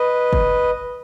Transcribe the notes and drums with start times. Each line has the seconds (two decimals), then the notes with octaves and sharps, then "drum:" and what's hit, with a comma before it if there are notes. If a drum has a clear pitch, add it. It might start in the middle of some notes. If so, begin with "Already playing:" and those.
Already playing: B4 D#5
0.33 drum: kick